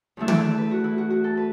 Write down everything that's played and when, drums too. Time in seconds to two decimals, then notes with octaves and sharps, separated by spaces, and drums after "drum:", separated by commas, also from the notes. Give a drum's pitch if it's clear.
0.17 E2 E3 A3 D4 E5
0.28 D5, drum: tom
0.38 E5
0.58 B4
0.71 F#4
0.84 E4
0.98 F#4
1.10 F#4
1.24 A4
1.37 B4